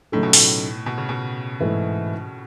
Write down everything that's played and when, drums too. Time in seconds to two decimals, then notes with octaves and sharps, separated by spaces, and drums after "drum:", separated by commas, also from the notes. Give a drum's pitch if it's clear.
0.12 A2 C#3 F#3 A3 D#4 A4
0.23 B2
0.33 A2, drum: open hi-hat
0.86 B2
0.98 C#3
1.09 B2
1.60 G#2 E3 A3 E4 B4